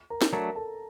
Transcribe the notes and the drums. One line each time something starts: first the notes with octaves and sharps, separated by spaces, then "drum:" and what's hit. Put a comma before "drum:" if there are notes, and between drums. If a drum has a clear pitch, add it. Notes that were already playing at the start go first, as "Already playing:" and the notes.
A#4 A#5
drum: snare
F#3 A3 D4 A#4 A#5
A4 A5